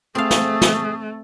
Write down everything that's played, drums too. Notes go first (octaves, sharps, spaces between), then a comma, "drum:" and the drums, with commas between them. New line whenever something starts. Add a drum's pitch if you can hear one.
A3 C4 G#4 F5
drum: snare
drum: snare